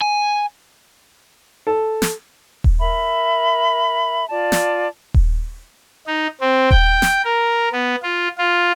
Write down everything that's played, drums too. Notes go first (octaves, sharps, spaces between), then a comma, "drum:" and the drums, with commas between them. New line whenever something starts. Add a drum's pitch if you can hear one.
G#5
A4
drum: snare
drum: kick D#1
A#4 E5 B5
F4 D5 A5
drum: snare
drum: kick D#1
D#4
C4
G5, drum: kick D#1
drum: snare
A#4
B3
F4
F4